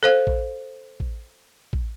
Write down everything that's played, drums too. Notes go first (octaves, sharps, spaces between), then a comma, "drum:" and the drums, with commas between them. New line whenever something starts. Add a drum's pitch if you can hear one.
A4 C5 F5
drum: kick A1
drum: kick A1
drum: kick A1